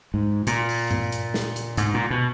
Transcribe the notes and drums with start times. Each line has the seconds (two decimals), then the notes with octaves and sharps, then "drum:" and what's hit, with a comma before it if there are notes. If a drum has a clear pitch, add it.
0.14 G#2
0.47 A#2, drum: hi-hat
0.69 drum: open hi-hat
0.91 drum: tom G2
1.12 drum: hi-hat
1.34 drum: snare
1.56 drum: hi-hat
1.77 G#2, drum: hi-hat
1.94 A#2
2.11 B2